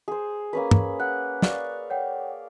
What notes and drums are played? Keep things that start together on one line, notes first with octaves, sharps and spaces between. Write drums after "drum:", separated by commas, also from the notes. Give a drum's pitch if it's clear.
G#4 C5
A#3 C#4 B4
drum: tom
F#5 F#6
D5 F5 C#6, drum: snare
C#5 F#5 G5